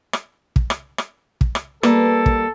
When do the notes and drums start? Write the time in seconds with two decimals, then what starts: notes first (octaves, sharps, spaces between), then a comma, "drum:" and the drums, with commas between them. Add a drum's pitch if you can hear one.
0.13 drum: rim click
0.56 drum: kick
0.70 drum: rim click
0.98 drum: rim click
1.41 drum: kick
1.55 drum: rim click
1.83 G3 A#3 A4 B4, drum: rim click
2.26 drum: kick